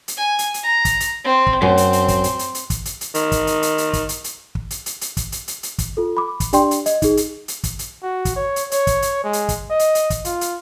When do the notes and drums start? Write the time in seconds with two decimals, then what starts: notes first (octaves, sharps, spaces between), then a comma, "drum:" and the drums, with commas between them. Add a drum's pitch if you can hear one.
0.08 drum: hi-hat
0.17 G#5
0.39 drum: hi-hat
0.54 drum: hi-hat
0.63 A#5
0.85 drum: kick, hi-hat
1.00 drum: hi-hat
1.24 C4
1.47 drum: kick
1.62 F#2 C4
1.77 drum: hi-hat
1.93 drum: hi-hat
2.08 drum: kick, hi-hat
2.24 drum: hi-hat
2.39 drum: hi-hat
2.55 drum: hi-hat
2.70 drum: kick, hi-hat
2.85 drum: hi-hat
3.01 drum: hi-hat
3.14 D#3, drum: hi-hat
3.32 drum: kick, hi-hat
3.47 drum: hi-hat
3.63 drum: hi-hat
3.78 drum: hi-hat
3.93 drum: kick, hi-hat
4.09 drum: hi-hat
4.24 drum: hi-hat
4.55 drum: kick
4.70 drum: hi-hat
4.86 drum: hi-hat
5.01 drum: hi-hat
5.17 drum: kick, hi-hat
5.32 drum: hi-hat
5.48 drum: hi-hat
5.63 drum: hi-hat
5.78 drum: kick, hi-hat
5.97 F4 A4
6.17 B5 D6
6.40 drum: kick, hi-hat
6.53 D4 G4 D5 G5 C6, drum: hi-hat
6.71 drum: hi-hat
6.86 D#5, drum: hi-hat
7.02 D#4 G#4, drum: kick, hi-hat
7.17 drum: hi-hat
7.48 drum: hi-hat
7.64 drum: kick, hi-hat
7.79 drum: hi-hat
8.03 F#4
8.25 drum: kick, hi-hat
8.36 C#5
8.56 drum: hi-hat
8.71 C#5, drum: hi-hat
8.87 drum: kick, hi-hat
9.02 drum: hi-hat
9.24 G#3
9.33 drum: hi-hat
9.49 drum: kick, hi-hat
9.70 D#5
9.79 drum: hi-hat
9.95 drum: hi-hat
10.10 drum: kick, hi-hat
10.25 F4, drum: hi-hat
10.41 drum: hi-hat